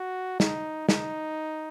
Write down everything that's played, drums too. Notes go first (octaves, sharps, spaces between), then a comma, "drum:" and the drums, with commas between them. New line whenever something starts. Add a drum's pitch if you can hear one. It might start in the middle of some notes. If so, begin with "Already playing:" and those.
Already playing: F#4
D#4, drum: snare
D#4, drum: snare